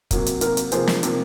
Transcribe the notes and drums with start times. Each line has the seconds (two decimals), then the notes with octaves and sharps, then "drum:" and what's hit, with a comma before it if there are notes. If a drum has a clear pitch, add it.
0.11 C3 F#3 A#3, drum: kick, hi-hat
0.26 drum: hi-hat
0.41 C3 F#3 A#3 A#4, drum: hi-hat
0.57 drum: hi-hat
0.72 C3 F3 A#3 G#4 C5, drum: hi-hat
0.87 drum: snare
1.03 C3 F3 A#3, drum: hi-hat